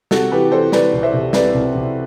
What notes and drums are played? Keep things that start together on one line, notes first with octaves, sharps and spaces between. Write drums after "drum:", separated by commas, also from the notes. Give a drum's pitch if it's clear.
C3 F#4 A4, drum: snare
E3 G4 B4
E3 A4 C5
E3 B4 D5, drum: snare
C2
C5 E5
C2
C3 B4 D5, drum: snare
C2
C2